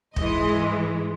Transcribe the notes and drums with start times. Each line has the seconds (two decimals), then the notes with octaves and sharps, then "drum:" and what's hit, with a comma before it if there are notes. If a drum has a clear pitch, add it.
0.16 G#2 E3 G#3 D#5, drum: kick